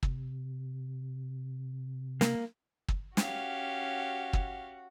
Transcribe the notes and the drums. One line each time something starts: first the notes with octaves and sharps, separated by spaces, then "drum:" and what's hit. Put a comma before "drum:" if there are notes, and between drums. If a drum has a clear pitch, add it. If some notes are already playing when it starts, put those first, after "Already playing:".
C3, drum: kick
A#3, drum: snare
drum: kick
C#4 F#4 G4 F5, drum: snare
drum: kick